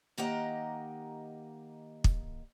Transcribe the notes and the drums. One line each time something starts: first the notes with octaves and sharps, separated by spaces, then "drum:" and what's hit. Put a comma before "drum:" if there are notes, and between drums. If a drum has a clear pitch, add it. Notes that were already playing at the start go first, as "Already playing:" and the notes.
D#3 A#3 G4 D#5 F#5 A#5
drum: kick